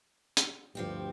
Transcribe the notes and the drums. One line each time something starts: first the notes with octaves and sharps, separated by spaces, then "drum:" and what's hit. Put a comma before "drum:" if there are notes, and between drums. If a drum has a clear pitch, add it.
drum: hi-hat
D2 G2 F3 C4 G4